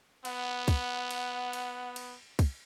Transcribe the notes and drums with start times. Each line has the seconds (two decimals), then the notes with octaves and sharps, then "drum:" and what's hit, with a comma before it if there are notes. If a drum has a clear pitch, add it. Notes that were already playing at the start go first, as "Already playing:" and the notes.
0.25 B3 F#5, drum: cymbal
0.68 drum: kick, cymbal
1.11 drum: cymbal
1.53 drum: cymbal
1.96 drum: cymbal
2.39 drum: kick, cymbal